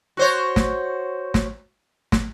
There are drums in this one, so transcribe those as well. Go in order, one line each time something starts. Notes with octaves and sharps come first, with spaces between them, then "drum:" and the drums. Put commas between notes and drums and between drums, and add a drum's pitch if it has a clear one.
F#4 C5 C#5
drum: snare
drum: snare
drum: snare